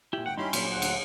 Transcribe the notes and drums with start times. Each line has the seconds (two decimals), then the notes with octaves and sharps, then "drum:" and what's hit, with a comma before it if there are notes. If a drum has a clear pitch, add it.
0.13 A#2 E4 G4 F#7
0.26 G#1 F#5 G5
0.38 G2 C#4 D#4 E4 G4 B5 C6
0.53 A#2 F#3 D4 C5, drum: cymbal
0.72 D2 F#5
0.82 drum: cymbal